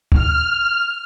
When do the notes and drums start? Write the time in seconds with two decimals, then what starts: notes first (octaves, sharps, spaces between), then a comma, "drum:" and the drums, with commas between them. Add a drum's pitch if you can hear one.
0.12 F6, drum: kick